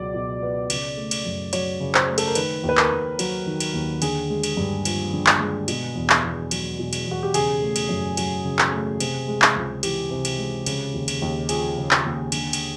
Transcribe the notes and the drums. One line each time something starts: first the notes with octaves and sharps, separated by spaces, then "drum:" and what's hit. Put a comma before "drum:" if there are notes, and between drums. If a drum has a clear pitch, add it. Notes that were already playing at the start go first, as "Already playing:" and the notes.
Already playing: C#2 B2 F#3 D5
B2
B3
C#3, drum: cymbal
A3
drum: cymbal
F#2
F#3 C#5, drum: cymbal
C#3
C5, drum: clap
A3
A4, drum: cymbal
A#4
D#3 B4, drum: cymbal
D#2
B4
A#4, drum: clap
D#2
F#3, drum: cymbal
D#3
drum: cymbal
D#2
D3 G#4, drum: cymbal
G#3
drum: cymbal
G2
F3, drum: cymbal
D3
drum: clap
G#3
B2, drum: cymbal
E2
drum: clap
E2
F#3, drum: cymbal
B2
drum: cymbal
E2 F#4
G4
C#3 G#4, drum: cymbal
A3
drum: cymbal
F#2
F#3, drum: cymbal
C#3
drum: clap
A3
C3, drum: cymbal
G#3
drum: clap
C#2
E3 G4, drum: cymbal
C3
drum: cymbal
G#3
C#3, drum: cymbal
D#2
drum: cymbal
D#2
F3 G#4, drum: cymbal
C#3
drum: clap
D#2
D3, drum: cymbal
drum: cymbal